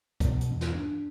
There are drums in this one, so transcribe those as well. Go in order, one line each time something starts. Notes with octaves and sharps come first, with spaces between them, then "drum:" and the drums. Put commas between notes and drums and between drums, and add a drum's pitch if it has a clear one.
B2, drum: kick C2, hi-hat
drum: hi-hat
E2
drum: snare
D4